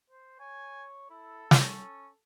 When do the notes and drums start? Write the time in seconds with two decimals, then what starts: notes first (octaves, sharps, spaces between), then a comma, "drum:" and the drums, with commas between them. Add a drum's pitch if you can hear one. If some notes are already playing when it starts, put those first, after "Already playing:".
0.10 C5
0.40 C#5 G#5
1.10 E4 A4
1.51 C#4, drum: snare